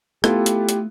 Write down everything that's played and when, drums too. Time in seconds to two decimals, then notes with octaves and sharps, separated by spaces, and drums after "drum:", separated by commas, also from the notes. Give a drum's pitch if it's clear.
0.24 A3 B3 E4 F4 G4 A4, drum: rim click
0.46 drum: hi-hat
0.69 drum: hi-hat